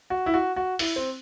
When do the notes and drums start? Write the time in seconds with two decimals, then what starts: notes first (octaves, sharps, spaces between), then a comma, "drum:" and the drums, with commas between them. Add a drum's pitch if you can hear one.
0.10 F#4
0.26 E4
0.34 F#4
0.56 F#4
0.79 E4, drum: open hi-hat
0.96 C4